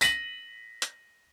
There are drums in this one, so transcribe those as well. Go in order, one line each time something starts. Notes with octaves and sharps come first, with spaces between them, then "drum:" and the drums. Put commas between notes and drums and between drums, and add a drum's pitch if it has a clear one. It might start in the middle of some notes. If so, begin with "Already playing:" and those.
A#6 B6 D#7 F#7, drum: tambourine
drum: hi-hat